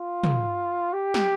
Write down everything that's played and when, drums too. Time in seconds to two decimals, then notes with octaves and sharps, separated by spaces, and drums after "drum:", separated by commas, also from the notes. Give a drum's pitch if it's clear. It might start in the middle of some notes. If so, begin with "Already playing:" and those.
Already playing: F4
0.24 drum: tom
0.94 G4
1.14 drum: snare